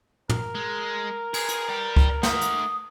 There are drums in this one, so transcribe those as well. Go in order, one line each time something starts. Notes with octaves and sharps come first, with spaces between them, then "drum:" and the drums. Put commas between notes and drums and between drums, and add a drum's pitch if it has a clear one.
A#4, drum: tom
G#3
G#4, drum: cymbal
drum: hi-hat
D5 G5
drum: kick C#2
A3 F#5 D#6, drum: snare
drum: hi-hat